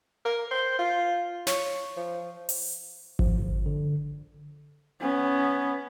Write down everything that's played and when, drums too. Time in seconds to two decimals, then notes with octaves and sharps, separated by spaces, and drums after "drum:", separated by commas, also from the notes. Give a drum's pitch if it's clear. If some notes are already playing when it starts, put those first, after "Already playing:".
0.25 A#4
0.51 C5
0.79 F4
1.47 C#5, drum: snare
1.97 F3
2.49 drum: open hi-hat
3.19 F3, drum: kick G#1
3.38 G1
3.66 D3
5.01 B3 C#4